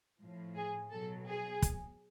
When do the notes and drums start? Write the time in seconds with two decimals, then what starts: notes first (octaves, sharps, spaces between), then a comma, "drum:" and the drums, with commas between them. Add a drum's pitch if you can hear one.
0.21 A2 F3
0.57 G#4
0.92 B2 F#3 A4
1.28 G#4
1.62 drum: kick, hi-hat